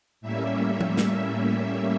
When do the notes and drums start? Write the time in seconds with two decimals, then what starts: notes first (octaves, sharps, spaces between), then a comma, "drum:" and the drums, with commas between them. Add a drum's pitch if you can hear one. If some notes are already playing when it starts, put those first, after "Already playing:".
0.21 A2 G3 A#3 C#4 E5
0.81 drum: tom F3
0.97 drum: snare